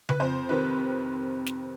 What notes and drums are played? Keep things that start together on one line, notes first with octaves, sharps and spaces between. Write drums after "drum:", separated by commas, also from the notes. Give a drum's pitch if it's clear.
B4, drum: tom C#3
F2 C5
C3 D#3 B4
drum: snare